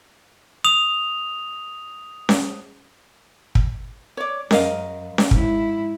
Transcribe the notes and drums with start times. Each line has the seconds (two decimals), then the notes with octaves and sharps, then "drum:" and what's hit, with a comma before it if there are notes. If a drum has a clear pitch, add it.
0.64 D#6 F7
2.29 drum: snare C#4
3.55 drum: kick
4.17 C#5 D5
4.51 F#2 A#4 D#5 F5, drum: snare C#4
5.18 drum: snare C#4
5.31 G#2 E4, drum: kick